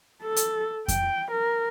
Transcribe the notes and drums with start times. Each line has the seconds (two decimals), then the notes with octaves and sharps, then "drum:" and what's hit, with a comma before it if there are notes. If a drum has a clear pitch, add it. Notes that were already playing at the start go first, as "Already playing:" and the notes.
0.23 A4
0.36 drum: hi-hat
0.88 G5, drum: kick F2, hi-hat
1.32 A#4